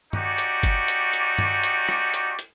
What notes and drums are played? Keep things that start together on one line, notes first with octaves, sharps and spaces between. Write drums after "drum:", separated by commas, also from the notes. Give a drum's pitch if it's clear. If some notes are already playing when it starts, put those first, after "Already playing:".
C#4 D#4 F#4 G4 D5, drum: tom G2
drum: hi-hat
drum: kick F#1, hi-hat
drum: hi-hat
drum: hi-hat
drum: tom G2
drum: hi-hat
drum: rim click
drum: hi-hat
drum: hi-hat